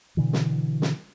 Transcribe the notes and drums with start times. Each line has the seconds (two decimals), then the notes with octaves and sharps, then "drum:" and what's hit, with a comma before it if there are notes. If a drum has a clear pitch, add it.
0.17 B2 D3 E3
0.33 drum: snare
0.82 drum: snare